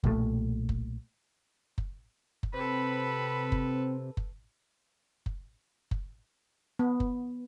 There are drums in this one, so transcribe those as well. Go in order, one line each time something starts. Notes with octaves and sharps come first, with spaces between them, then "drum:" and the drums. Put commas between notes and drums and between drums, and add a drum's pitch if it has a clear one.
B1 A#2 F3 A3, drum: kick F#1
drum: kick F#1
drum: kick F#1
drum: kick F#1
C3 C4 A4 B4 B5
drum: kick F#1
drum: kick F#1
drum: kick F#1
drum: kick F#1
B3
drum: kick F#1